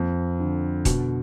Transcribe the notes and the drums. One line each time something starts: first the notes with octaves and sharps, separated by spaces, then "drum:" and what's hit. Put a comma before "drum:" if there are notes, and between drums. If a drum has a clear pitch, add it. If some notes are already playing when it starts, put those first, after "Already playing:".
Already playing: F2
D3
B2, drum: kick D#1, hi-hat